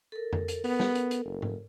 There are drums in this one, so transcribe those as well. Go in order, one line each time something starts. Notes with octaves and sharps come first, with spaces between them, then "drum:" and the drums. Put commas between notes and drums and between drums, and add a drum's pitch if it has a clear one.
A4 A#4
drum: tom F2
drum: hi-hat
B3, drum: open hi-hat
drum: snare
drum: hi-hat
drum: hi-hat
F#1
drum: tom G#2